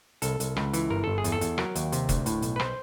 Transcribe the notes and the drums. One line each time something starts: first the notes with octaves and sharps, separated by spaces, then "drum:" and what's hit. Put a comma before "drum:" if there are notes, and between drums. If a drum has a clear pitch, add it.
C2 A4, drum: hi-hat
C2, drum: hi-hat
C#2, drum: rim click
E3, drum: hi-hat
G1 A#4
G1 A4
G#4
E2, drum: hi-hat
A4
E2, drum: hi-hat
F#3 A#4, drum: rim click
D#2, drum: hi-hat
C3, drum: hi-hat
D2, drum: kick, hi-hat
A2, drum: hi-hat
B1, drum: hi-hat
B4
C5, drum: rim click